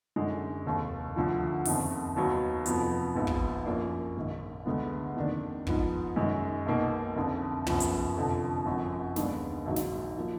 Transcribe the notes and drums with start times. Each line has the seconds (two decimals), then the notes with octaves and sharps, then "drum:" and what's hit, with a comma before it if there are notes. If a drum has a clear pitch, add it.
0.16 F#2 D3 G#3 D#4
0.66 F1 D#2 D#3
1.16 D2 D3 F3
1.65 F#1 F2 D#3, drum: open hi-hat
2.16 D#2 D#3 F#3 B3 D#4
2.66 F1 F2 F3 B3, drum: hi-hat
3.16 A#1 G#2 F3 B3
3.27 drum: kick
3.65 F#2 F3 A#3 D4
4.17 A#1 G#2 D#3
4.65 D2 D3 G#3 B3
5.16 F2 D#3 A#3 D4
5.67 G#2 F3 B3, drum: kick
6.16 F#2 D#3 G#3
6.66 B1 B2 A#3 D#4
7.16 F#1 F2 D3
7.66 F#1 F#2 F3 B3, drum: tom
7.80 drum: hi-hat
8.16 F1 F2 D3 F3
8.66 G#1 F#2 F3
9.16 D#2 D3 G#3 B3 D4, drum: snare
9.66 A#1 G#2 D#3 F#3
9.76 drum: snare
10.17 F3 A#3